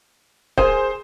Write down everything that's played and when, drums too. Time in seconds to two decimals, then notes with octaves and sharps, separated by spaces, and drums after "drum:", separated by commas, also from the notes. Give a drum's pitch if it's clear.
0.58 G#4 A#4 C5 G#5, drum: kick C#1